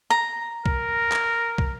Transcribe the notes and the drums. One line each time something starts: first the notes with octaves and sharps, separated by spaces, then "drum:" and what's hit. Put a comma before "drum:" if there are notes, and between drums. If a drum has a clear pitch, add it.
A#5
A#4, drum: kick
drum: clap
drum: kick